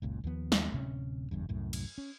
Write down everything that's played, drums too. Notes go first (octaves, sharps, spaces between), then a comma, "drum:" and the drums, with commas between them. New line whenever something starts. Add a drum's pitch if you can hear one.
F#1 C#2 A#2
D#2 F3 B3
drum: snare
D1 C3 C#4
F#1 E2 G2
C2 F#2 A2
drum: cymbal
C#4